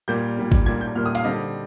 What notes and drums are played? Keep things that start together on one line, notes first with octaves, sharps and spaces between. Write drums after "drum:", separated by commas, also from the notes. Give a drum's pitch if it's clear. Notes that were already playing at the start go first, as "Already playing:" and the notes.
A#2 G3 A#3 G6
A#2 G3 A#3
drum: kick G#1
A#2 G3 A#3 G#6
G6
A#2 G3 A#3 F6
D#6
F5, drum: hi-hat
D3 G3 C4 D#5